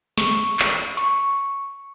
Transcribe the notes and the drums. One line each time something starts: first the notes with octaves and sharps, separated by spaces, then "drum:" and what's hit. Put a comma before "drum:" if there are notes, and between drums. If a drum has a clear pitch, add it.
C#6, drum: snare
drum: clap
C#6, drum: hi-hat